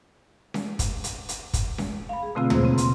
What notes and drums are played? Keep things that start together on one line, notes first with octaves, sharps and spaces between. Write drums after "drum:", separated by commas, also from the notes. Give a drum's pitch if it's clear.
drum: snare C#4
drum: kick, hi-hat
drum: hi-hat
drum: hi-hat
drum: kick, hi-hat
drum: snare C#4
F5 B5
G#4
B2 D3 A3 C4 F4 E6
B2 A#3 G#4 C5, drum: tom
C#3 C4
C6, drum: hi-hat